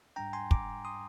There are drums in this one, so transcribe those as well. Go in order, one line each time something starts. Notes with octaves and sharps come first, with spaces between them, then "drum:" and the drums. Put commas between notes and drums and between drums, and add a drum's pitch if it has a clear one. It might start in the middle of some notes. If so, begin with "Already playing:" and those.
G#2 G3 D4 G5 A#5
G#5 C6
A#5 D6, drum: kick
C6 D#6